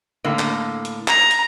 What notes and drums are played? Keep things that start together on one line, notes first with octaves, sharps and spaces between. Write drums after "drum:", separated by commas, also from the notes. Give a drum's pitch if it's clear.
A2 D3 A#3
drum: clap
drum: hi-hat
A#5, drum: clap
drum: hi-hat